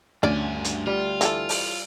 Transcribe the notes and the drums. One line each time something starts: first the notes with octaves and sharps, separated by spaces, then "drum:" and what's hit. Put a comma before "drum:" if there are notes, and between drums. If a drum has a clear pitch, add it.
D2 G2 C#4 D5 G#5
drum: hi-hat
G3 F4
E3 G4 A4, drum: hi-hat
drum: open hi-hat